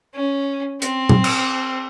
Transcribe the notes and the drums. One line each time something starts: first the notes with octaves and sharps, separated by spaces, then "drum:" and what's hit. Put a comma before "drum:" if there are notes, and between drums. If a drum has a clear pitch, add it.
C#4
C4, drum: hi-hat
drum: tom
drum: cymbal